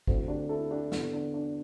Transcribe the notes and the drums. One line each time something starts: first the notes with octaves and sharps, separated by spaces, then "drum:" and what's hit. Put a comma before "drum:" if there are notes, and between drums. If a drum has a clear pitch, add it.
D2 D3 C4 E4, drum: kick
D4 G4
E4 A4
D4 G4
E2 D3, drum: snare
D4
D4